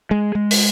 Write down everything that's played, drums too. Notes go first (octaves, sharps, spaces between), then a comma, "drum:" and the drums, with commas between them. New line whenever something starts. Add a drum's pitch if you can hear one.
G#3
G#3
drum: open hi-hat